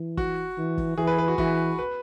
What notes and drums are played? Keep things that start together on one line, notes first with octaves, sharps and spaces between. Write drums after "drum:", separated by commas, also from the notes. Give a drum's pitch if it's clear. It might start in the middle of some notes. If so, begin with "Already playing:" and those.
Already playing: E3
F#4, drum: kick
E3
drum: kick
E3 G#4
B4
B4
F#4
E3 F#4, drum: kick
B4